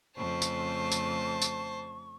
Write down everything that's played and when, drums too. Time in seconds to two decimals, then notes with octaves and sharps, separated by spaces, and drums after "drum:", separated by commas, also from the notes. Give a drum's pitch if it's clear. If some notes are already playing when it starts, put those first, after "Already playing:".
0.17 F2 C#3 A3 C5 A5 C#6
0.42 drum: tambourine
0.92 drum: tambourine
1.42 drum: tambourine